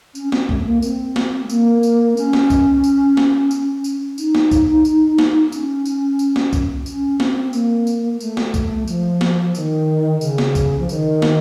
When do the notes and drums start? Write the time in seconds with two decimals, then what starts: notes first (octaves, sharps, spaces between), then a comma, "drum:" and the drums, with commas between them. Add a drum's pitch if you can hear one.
0.15 C#4, drum: tambourine
0.32 C4, drum: snare
0.49 A3, drum: kick C2
0.60 A3
0.66 A#3
0.82 C4, drum: tambourine
1.16 drum: snare
1.43 A3
1.50 A#3, drum: tambourine
1.83 drum: tambourine
2.17 C#4, drum: tambourine
2.33 drum: snare
2.50 drum: kick C2, tambourine
2.84 drum: tambourine
3.17 drum: snare
3.51 drum: tambourine
3.84 drum: tambourine
4.18 D#4, drum: tambourine
4.35 drum: snare
4.51 drum: kick C2, tambourine
4.85 drum: tambourine
5.18 drum: snare
5.52 C#4, drum: tambourine
5.86 drum: tambourine
6.19 drum: tambourine
6.36 drum: snare
6.53 drum: kick C2, tambourine
6.86 C#4, drum: tambourine
7.20 C4, drum: snare
7.53 A#3, drum: tambourine
7.87 drum: tambourine
8.20 A3, drum: tambourine
8.37 drum: snare
8.54 drum: kick C2, tambourine
8.88 F3, drum: tambourine
9.21 drum: snare
9.55 D#3, drum: tambourine
10.21 C#3, drum: tambourine
10.38 drum: snare
10.55 drum: kick C2, tambourine
10.79 F3
10.89 D#3, drum: tambourine
11.22 drum: snare